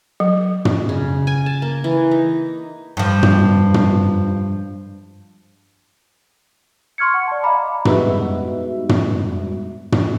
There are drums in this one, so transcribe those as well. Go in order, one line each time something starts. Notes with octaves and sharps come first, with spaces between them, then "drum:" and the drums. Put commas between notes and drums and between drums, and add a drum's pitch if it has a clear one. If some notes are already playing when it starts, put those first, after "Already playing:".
F#3
drum: tom
C#3
G#5
A5
A#3
E3
D#4
G2 F3
drum: tom
drum: tom
C6 C#6 F6 G#6 C#7
F#5
D5 A5
D#5 F5 A#5 B5 D6
G3 G#3 B3 D#4 F#4 E5, drum: tom
drum: tom
drum: tom